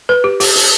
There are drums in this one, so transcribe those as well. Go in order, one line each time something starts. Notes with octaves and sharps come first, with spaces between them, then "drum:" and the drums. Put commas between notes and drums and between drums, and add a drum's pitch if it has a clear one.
B4
G4
G4, drum: open hi-hat
drum: open hi-hat